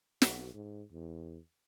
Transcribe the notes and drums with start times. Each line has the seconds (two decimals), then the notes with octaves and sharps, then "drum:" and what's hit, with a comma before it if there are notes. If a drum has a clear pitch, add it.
0.22 B1, drum: snare
0.54 G#2
0.92 E2